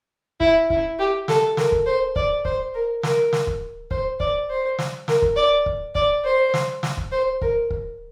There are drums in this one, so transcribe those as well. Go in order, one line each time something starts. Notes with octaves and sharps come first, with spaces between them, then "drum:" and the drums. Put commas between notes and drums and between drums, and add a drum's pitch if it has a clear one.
E4, drum: kick
E4, drum: kick
G4
A4, drum: snare
A#4, drum: snare
drum: kick
C5
D5, drum: kick
C5, drum: kick
A#4
A#4, drum: snare
drum: snare
drum: kick
C5, drum: kick
D5, drum: kick
C5
drum: snare
A#4, drum: snare
drum: kick
D5
drum: kick
D5, drum: kick
C5
drum: snare
drum: snare
drum: kick
C5
A#4, drum: kick
drum: kick